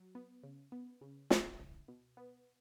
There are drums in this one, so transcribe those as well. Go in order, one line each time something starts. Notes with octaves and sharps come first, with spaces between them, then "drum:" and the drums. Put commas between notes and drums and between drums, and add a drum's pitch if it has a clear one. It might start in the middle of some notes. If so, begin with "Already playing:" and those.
Already playing: F#3
B3
C#3
B3
C#3
E4, drum: snare
C#2
B2
B3